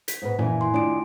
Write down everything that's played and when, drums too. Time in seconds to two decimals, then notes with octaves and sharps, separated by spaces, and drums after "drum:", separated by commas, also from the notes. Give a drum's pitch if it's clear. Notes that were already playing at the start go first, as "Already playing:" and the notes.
0.08 B6, drum: hi-hat
0.22 G#2 B2 B4
0.39 A#2 E3 G#5, drum: tom F#2
0.61 E4 G#5 C6
0.74 D#3 A3 D4 F4 D7